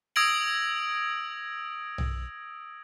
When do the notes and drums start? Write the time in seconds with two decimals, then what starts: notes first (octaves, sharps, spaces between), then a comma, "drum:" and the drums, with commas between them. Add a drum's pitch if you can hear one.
0.16 D#6 E6 G#6 A#6 D7 F#7
1.98 drum: tom